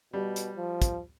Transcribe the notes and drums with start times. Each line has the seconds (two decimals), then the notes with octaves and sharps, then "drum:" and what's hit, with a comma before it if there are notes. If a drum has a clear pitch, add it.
0.13 B2 G3
0.36 drum: hi-hat
0.56 F3
0.82 drum: kick, hi-hat